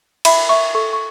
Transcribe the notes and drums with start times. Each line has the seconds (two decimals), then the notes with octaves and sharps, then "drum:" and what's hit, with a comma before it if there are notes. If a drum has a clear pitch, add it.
0.25 E5 B5, drum: cymbal
0.49 E5 C#6
0.75 A4 C#6
0.93 C#6